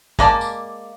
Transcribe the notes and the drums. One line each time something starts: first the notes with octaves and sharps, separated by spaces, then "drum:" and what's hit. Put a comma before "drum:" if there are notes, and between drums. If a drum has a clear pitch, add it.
G#3 A#3 D5 A5, drum: kick
drum: tambourine